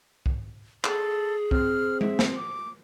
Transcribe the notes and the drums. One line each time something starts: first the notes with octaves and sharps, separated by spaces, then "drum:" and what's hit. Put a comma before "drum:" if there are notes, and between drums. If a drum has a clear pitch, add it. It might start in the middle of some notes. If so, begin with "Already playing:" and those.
drum: kick C2
G#4 A4, drum: clap
C4 F6, drum: kick C2
E5, drum: tom G#3
drum: snare
D6